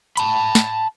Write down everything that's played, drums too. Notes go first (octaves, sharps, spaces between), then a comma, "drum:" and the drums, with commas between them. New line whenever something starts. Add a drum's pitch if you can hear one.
A5 B5, drum: hi-hat
drum: snare